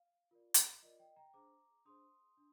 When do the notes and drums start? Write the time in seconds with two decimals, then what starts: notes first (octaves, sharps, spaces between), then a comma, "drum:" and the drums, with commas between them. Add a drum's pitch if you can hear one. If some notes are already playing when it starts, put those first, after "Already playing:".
Already playing: F5
0.31 F4 A#4 D5
0.54 drum: hi-hat
0.82 F4 A#4 D5 D#5
0.99 D#5 G5
1.16 G5 A#5
1.34 D4 G#4 C5 A#5 D6
1.85 D4 G#4 C5 C6 D#6
2.37 D4